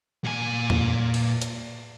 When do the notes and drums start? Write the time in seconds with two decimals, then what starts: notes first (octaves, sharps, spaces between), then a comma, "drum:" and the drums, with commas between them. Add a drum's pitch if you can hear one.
0.24 A#2 G#5
0.70 drum: tom E2
1.14 drum: cymbal
1.42 drum: hi-hat